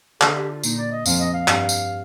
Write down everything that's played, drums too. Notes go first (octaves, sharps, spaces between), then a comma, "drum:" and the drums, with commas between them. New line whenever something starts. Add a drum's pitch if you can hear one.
D3 G#4, drum: clap
G4
F4
A#2 D#4, drum: tambourine
D5
D#5
F2 F5, drum: tambourine
D#5
F5
G2, drum: clap
drum: tambourine